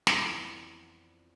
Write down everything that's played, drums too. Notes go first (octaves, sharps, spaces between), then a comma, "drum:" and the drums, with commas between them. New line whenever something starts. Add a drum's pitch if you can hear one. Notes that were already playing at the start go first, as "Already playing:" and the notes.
F2 E3 B3 D5, drum: snare